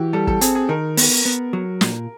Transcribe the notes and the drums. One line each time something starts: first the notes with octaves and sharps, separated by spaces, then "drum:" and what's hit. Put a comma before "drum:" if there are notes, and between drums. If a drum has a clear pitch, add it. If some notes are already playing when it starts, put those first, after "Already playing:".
Already playing: E3 F#4 G4
G3 A4
A4, drum: kick
C4 G#4, drum: hi-hat
G#4
D#3 A#4
B3, drum: open hi-hat
B3
F#3
A#2, drum: snare